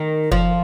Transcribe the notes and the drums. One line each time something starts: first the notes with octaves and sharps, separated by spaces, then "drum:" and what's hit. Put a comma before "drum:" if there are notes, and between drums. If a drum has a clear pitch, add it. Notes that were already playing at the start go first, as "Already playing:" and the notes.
Already playing: D#3
F3, drum: kick F#1